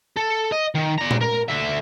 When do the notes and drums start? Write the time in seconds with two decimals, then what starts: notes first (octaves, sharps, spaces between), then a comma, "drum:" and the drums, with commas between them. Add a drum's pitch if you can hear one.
0.17 A4
0.52 D#5
0.75 D#3
0.99 D5 A#5
1.11 drum: tom A#2
1.21 A#4
1.49 D3 E5